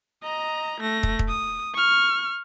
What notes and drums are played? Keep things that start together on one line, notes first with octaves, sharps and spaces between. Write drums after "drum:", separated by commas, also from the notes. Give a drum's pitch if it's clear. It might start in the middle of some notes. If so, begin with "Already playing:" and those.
D#5 A#5
A3 A#6
drum: kick
drum: kick
D#6
C#6 F6